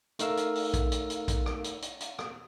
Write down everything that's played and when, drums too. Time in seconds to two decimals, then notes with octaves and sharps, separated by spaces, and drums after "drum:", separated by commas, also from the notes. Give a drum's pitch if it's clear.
0.19 A3 D#4 A#4 F5 E6, drum: hi-hat
0.37 drum: hi-hat
0.55 drum: open hi-hat
0.74 drum: kick A#1, hi-hat
0.92 drum: hi-hat
1.10 drum: hi-hat
1.28 drum: kick A#1, hi-hat
1.46 drum: rim click
1.64 drum: hi-hat
1.82 drum: hi-hat
2.01 drum: hi-hat
2.19 drum: rim click